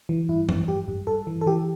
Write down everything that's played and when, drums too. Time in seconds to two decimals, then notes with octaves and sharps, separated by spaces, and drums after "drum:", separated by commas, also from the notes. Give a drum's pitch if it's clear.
0.09 E3
0.29 G2 E4
0.49 G2, drum: tom E3
0.68 G2 G4
0.88 G2
1.07 G2 A4
1.27 E3
1.41 A4
1.47 E3 G4